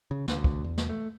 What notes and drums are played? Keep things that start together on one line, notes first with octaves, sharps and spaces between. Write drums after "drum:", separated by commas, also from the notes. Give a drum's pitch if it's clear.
C#3
D2, drum: snare
drum: kick
E2
drum: snare
A3